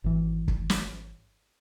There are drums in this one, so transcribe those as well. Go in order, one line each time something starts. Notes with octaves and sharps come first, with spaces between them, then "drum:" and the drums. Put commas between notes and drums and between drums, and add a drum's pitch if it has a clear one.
G#1 E3
drum: kick
drum: snare